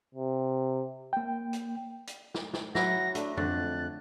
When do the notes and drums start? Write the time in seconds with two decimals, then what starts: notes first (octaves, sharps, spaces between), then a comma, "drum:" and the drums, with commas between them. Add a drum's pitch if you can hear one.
0.14 C3
1.13 A#3 G5
1.53 drum: hi-hat
2.07 drum: hi-hat
2.34 drum: snare
2.54 drum: snare
2.75 F#3 E4 F#5 A#6, drum: snare
3.15 A3 D4, drum: hi-hat
3.37 F2 D3 D4 F#6 A6, drum: tom F2